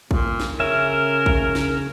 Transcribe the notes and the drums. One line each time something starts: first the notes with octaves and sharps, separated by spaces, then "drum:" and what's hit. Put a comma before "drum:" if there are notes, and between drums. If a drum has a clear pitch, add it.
A#2, drum: kick
drum: snare
C#3 C#4 A#4 E5
drum: kick
drum: snare